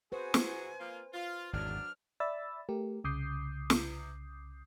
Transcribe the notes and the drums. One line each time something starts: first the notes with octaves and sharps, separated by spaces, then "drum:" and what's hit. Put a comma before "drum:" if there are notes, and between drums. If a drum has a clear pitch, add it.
F#4 G#4 B4 C5 G#5
drum: snare
A#3 F4
F4
G#1 E2 F#3 D4 F6
D5 E5 B5 E6 A6
A3 G4 A#4
C2 C#3 D6 D#6 G6 C7
drum: snare